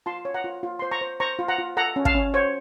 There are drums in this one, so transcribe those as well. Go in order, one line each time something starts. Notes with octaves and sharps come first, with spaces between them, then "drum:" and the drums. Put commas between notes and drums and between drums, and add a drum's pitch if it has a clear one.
F4 A5 C6
C#5
F#5 A#5
F4
F4
C5 C6
A#5 C#6
C5
C5 A#5 C#6
F4
F#5 A#5
F4
A4 F#5 A#5
C#4
F5 A5, drum: kick
C#4
C5 C#5